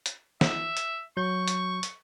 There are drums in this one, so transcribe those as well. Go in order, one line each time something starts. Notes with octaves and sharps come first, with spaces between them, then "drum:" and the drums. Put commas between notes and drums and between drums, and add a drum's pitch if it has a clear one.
drum: hi-hat
E5, drum: snare
drum: hi-hat
F#3 C#6 G6
drum: hi-hat
drum: hi-hat